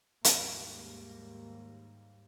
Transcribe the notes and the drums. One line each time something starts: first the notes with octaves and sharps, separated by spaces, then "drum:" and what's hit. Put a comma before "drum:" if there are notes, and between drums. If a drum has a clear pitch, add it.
D#2 G#2 G3 A#3, drum: hi-hat